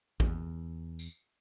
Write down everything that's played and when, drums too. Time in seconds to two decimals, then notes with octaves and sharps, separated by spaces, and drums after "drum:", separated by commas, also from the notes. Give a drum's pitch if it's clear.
0.20 E2, drum: kick
0.99 drum: tambourine